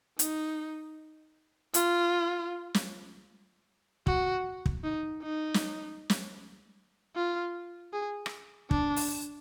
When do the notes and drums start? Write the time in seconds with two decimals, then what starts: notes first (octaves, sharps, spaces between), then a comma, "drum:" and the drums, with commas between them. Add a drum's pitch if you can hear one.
0.19 D#4, drum: hi-hat
1.74 F4, drum: hi-hat
2.74 drum: snare
4.07 F#4, drum: kick
4.66 drum: kick
4.84 D#4
5.23 D#4
5.54 drum: snare
6.10 drum: snare
7.16 F4
7.93 G#4
8.26 drum: rim click
8.71 D4, drum: kick
8.96 drum: open hi-hat